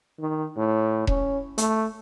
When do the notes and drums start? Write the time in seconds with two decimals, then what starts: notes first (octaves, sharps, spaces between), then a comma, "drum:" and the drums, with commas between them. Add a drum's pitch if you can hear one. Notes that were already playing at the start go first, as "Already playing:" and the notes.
0.19 D#3
0.56 A2
1.07 C#4, drum: kick E1
1.58 A3, drum: hi-hat